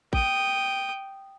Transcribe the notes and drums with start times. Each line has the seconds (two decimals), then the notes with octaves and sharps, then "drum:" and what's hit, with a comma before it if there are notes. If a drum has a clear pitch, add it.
0.13 G5 D#6, drum: kick A1